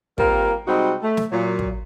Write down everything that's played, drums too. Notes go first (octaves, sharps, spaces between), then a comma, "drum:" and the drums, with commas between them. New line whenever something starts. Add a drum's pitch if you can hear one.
G3 A#3 C4 F4 A#4, drum: kick
C3 G3 G#3 C4 D#4 F#4
A3
drum: snare
A#2 F#3
drum: kick